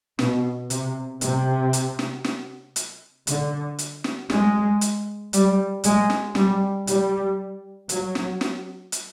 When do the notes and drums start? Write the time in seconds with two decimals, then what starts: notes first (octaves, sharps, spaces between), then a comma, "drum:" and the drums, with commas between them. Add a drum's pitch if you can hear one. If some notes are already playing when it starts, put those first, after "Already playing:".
0.19 B2, drum: snare
0.70 C3, drum: hi-hat
1.21 C3, drum: hi-hat
1.73 drum: hi-hat
1.99 drum: snare
2.24 drum: snare
2.76 drum: hi-hat
3.27 D3, drum: hi-hat
3.79 drum: hi-hat
4.04 drum: snare
4.30 G#3, drum: snare
4.81 drum: hi-hat
5.33 G3, drum: hi-hat
5.84 G#3, drum: hi-hat
6.10 drum: snare
6.35 G3, drum: snare
6.87 G3, drum: hi-hat
7.89 F#3, drum: hi-hat
8.15 drum: snare
8.41 drum: snare
8.92 drum: hi-hat